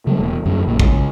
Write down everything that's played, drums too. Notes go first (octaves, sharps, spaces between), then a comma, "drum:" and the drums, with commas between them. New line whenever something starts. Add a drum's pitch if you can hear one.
C#3 F#3 G3 A3
E1
F#2 D3
A#1 F#2 A#2
C#3 G#3, drum: kick